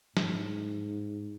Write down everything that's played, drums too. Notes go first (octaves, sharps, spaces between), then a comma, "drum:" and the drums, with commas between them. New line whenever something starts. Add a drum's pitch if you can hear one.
G#2, drum: snare